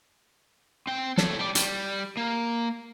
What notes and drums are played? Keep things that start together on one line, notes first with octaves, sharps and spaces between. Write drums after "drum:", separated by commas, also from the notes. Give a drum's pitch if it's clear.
C4 G5
A4 C#5, drum: snare
G3 D5
G3, drum: hi-hat
A#3